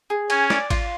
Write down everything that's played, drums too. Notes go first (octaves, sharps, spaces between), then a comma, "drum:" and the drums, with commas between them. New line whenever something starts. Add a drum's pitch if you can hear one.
G#4
C#4 G#5, drum: cymbal
D5, drum: snare
F4, drum: kick G#1, cymbal